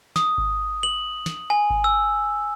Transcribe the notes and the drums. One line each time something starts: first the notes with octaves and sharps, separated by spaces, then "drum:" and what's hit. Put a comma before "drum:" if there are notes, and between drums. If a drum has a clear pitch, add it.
D#6, drum: snare
drum: kick G#1
F#7
drum: snare
G#5
drum: kick G#1
E6